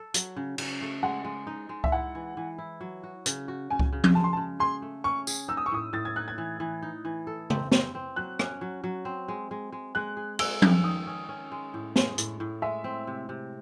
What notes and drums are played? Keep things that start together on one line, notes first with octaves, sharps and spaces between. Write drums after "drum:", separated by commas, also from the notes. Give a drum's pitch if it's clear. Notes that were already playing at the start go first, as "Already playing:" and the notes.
Already playing: A4
F#3, drum: hi-hat
C#3
C#3, drum: cymbal
A3
G#3 F#5
G#3
D#4
G#3
E5, drum: kick C#2
E4 F#5
E3
E3
E4
F#3
F#4
C#3, drum: hi-hat
F#4
C#3 G#5
drum: kick C#2
C#3
drum: tom F3
G#3 A5
C6
A5
C#3
G#4 C6
A3
C#4 C#6
G#4, drum: tambourine
D#4 E6
D#6
C#6
A2 D#6
A2 A6
G#6
D#4 F#6
G#6
E3
E3
D#4
E3
A4
C4, drum: tom
C4, drum: snare
C4
F#3 F#6
C#4, drum: rim click
F#3
F#3
C4
G#3
G#3
G#3
G#3 F#6
G#4
G#4 E6, drum: cymbal
C#4, drum: tom F3
D#3 D#6
C#4
C#4
G#3
A2
G#3, drum: snare
A2, drum: hi-hat
A2
G#3 E5
C4
C3
C3